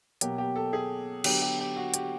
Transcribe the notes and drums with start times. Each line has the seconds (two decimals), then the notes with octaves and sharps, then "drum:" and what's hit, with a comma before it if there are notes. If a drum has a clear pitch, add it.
0.21 B2 F#3 A#3 G4, drum: hi-hat
0.38 G4
0.56 A4
0.73 G#4
1.24 D3 F#3 B3 G4, drum: cymbal
1.42 G4
1.59 G4
1.76 F#4
1.94 G4, drum: hi-hat